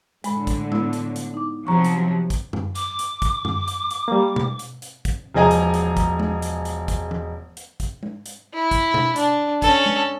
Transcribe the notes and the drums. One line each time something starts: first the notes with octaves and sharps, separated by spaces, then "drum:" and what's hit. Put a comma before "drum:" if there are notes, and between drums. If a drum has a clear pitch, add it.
A2 D3 G#3 B5, drum: hi-hat
drum: kick, hi-hat
B3 E4, drum: tom G#3
drum: hi-hat
drum: hi-hat
D#4 D6
C3 F3 F#3 A#5 C#6
drum: hi-hat
drum: kick, hi-hat
drum: tom F#2
D6, drum: hi-hat
drum: hi-hat
drum: kick, hi-hat
drum: tom F#2
drum: hi-hat
drum: hi-hat
G3 A#3
drum: tom B2
drum: hi-hat
drum: hi-hat
drum: kick, hi-hat
E1 F3 G#4 D#5 G#5 A#5
drum: hi-hat
drum: hi-hat
drum: kick, hi-hat
drum: tom G#3
drum: hi-hat
drum: hi-hat
drum: kick, hi-hat
drum: tom E3
drum: hi-hat
drum: kick, hi-hat
drum: tom G#3
drum: hi-hat
E4
drum: kick, hi-hat
drum: tom B2
D4, drum: hi-hat
C#4 A4, drum: kick, hi-hat
drum: tom G#3